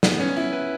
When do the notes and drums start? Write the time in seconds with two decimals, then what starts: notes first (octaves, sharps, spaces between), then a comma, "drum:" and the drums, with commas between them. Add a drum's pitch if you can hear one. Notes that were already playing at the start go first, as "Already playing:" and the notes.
0.03 B3, drum: snare
0.20 C#4
0.36 E4
0.53 B4